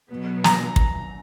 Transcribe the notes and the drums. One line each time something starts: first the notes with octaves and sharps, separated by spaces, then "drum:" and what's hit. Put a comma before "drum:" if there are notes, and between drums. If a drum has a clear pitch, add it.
B2 F#3 B3
A#5, drum: snare
drum: kick